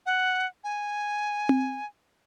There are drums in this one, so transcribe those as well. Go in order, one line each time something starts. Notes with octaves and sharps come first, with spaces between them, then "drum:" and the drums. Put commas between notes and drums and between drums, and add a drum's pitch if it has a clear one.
F#5
G#5
drum: tom C4